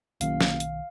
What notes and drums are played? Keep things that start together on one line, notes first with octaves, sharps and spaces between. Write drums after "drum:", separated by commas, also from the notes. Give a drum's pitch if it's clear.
F#1 B1 D#3 F5, drum: hi-hat
drum: snare
drum: hi-hat